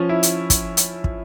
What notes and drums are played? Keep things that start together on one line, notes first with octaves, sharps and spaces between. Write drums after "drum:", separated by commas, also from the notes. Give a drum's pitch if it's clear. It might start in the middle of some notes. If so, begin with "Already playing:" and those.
Already playing: F3 C#4
E4
drum: hi-hat
drum: kick, hi-hat
drum: hi-hat
drum: kick